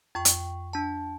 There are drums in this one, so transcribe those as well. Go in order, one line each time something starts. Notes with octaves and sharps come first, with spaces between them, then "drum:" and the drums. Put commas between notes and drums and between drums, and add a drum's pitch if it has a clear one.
F2 G5 C#6
drum: hi-hat
D4 A5